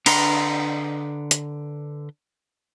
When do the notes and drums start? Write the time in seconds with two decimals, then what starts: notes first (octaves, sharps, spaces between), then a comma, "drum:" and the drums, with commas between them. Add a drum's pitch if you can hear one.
0.06 D3 D4 B4 A#5 C6, drum: cymbal
1.31 drum: hi-hat